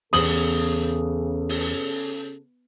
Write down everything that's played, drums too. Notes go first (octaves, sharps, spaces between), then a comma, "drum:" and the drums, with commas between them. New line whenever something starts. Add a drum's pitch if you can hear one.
E2 C#3 A4 D#6 F#7, drum: open hi-hat
drum: open hi-hat